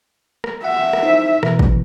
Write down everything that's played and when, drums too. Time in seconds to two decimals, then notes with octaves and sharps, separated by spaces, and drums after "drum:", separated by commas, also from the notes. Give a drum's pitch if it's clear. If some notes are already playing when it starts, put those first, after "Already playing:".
0.44 drum: rim click
0.64 E5 F#5
0.93 drum: rim click
1.03 D#4 E4 C5
1.43 B2 E3, drum: rim click
1.59 drum: kick